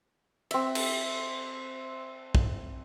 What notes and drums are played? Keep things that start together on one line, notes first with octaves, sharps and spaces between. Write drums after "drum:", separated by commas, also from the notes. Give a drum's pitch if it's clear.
C4 E5, drum: cymbal
drum: cymbal
drum: kick